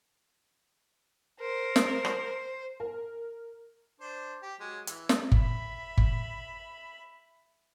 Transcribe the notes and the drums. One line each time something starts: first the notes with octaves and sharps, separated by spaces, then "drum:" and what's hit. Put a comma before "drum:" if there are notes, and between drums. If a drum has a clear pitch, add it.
A#4 C5
drum: snare
drum: rim click
A#4
D4 C5
G4
F#3 G#3
E3, drum: hi-hat
drum: snare
E5 B5, drum: kick G1
drum: kick G1